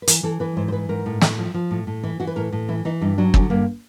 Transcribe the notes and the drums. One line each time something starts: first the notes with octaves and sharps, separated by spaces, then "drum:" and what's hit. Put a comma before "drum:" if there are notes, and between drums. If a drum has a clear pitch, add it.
B4
E3 A#4, drum: hi-hat
E3 A4
E3 B4
G#2 C5
C5
E3 B4
G#2 A#4
A2
A2, drum: snare
F3
F3
A2
A2
E3 E4
E3 F#4
B4
A2 A#4
A2
E3 E4
E3 D#4
G2 D#4
F#3 D4
D3 C#4, drum: kick
G2 A#3